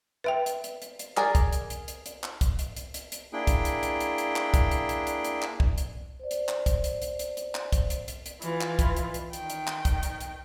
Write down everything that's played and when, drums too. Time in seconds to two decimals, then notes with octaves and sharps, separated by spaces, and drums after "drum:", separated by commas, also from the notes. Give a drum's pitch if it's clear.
0.24 B4 E5 G5
0.46 drum: hi-hat
0.64 drum: hi-hat
0.82 drum: hi-hat
0.99 drum: hi-hat
1.17 G#4 A#4 D5, drum: clap
1.35 drum: kick, hi-hat
1.53 drum: hi-hat
1.70 drum: hi-hat
1.88 drum: hi-hat
2.06 drum: hi-hat
2.23 drum: clap
2.41 drum: kick, hi-hat
2.59 drum: hi-hat
2.77 drum: hi-hat
2.94 drum: hi-hat
3.12 drum: hi-hat
3.33 A#3 D4 E4 G#4 G5
3.47 drum: kick, hi-hat
3.65 drum: hi-hat
3.83 drum: hi-hat
4.01 drum: hi-hat
4.18 drum: hi-hat
4.36 drum: clap
4.54 drum: kick, hi-hat
4.71 drum: hi-hat
4.89 drum: hi-hat
5.07 drum: hi-hat
5.25 drum: hi-hat
5.42 drum: clap
5.60 drum: kick
5.78 drum: hi-hat
6.19 C5 D5
6.31 drum: hi-hat
6.49 drum: clap
6.66 drum: kick, hi-hat
6.84 drum: hi-hat
7.02 drum: hi-hat
7.19 drum: hi-hat
7.37 drum: hi-hat
7.55 drum: clap
7.73 drum: kick, hi-hat
7.90 drum: hi-hat
8.08 drum: hi-hat
8.26 drum: hi-hat
8.42 E3 F4, drum: hi-hat
8.61 drum: clap
8.79 drum: kick, hi-hat
8.97 drum: hi-hat
9.14 drum: hi-hat
9.33 D#3 G5, drum: hi-hat
9.50 drum: hi-hat
9.67 drum: clap
9.85 drum: kick, hi-hat
10.03 drum: hi-hat
10.21 drum: hi-hat